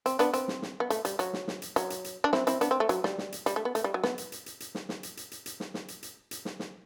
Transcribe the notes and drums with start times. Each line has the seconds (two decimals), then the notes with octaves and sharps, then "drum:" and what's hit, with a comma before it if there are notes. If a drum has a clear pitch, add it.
0.06 C4, drum: hi-hat
0.19 B3 D4, drum: hi-hat
0.34 C4, drum: hi-hat
0.48 drum: snare
0.62 drum: snare
0.80 B3
0.90 A3, drum: hi-hat
1.05 G3, drum: hi-hat
1.19 F#3, drum: hi-hat
1.33 drum: snare
1.48 drum: snare
1.62 drum: hi-hat
1.76 F#3, drum: hi-hat
1.90 drum: hi-hat
2.04 drum: hi-hat
2.24 D4
2.33 C4 E4, drum: snare
2.47 C4 E4, drum: hi-hat
2.61 B3 D4, drum: hi-hat
2.71 C4
2.80 A3
2.89 F#3, drum: hi-hat
3.04 G3, drum: snare
3.18 drum: snare
3.32 drum: hi-hat
3.46 G3, drum: hi-hat
3.56 A3
3.65 B3
3.75 A3, drum: hi-hat
3.84 G3
3.94 F#3
4.03 B3, drum: snare
4.18 drum: hi-hat
4.32 drum: hi-hat
4.46 drum: hi-hat
4.60 drum: hi-hat
4.75 drum: snare
4.89 drum: snare
5.03 drum: hi-hat
5.17 drum: hi-hat
5.31 drum: hi-hat
5.46 drum: hi-hat
5.60 drum: snare
5.74 drum: snare
5.88 drum: hi-hat
6.03 drum: hi-hat
6.31 drum: hi-hat
6.45 drum: snare
6.59 drum: snare